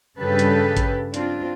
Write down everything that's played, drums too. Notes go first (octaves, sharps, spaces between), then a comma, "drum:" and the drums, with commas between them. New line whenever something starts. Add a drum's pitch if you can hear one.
G2 C#3 G4 A4 B4
drum: hi-hat
drum: kick, hi-hat
C4 D4 F4, drum: hi-hat